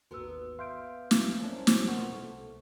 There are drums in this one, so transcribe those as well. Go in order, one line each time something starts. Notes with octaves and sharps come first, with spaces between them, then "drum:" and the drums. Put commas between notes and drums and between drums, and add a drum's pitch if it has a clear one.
G#1 D#2 B3 F#4 A#4 E6
E5 F5 C6 G6 D7
drum: snare
F3 A#3 C#4 D4
drum: snare
B2 F4 A#4 F#5 C#6
C2 A3